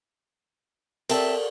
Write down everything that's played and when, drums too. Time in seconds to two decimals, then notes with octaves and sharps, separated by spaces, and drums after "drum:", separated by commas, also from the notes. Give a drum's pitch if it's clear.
1.09 C4 A4 A#4 D5 E5 A5, drum: cymbal